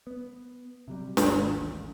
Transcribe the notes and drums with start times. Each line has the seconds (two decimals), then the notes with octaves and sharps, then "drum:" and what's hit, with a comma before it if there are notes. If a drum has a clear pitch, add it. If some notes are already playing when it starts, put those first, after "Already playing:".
0.07 B3
0.88 C3 F#3 G3
1.17 G#1 D#2, drum: snare
1.61 A1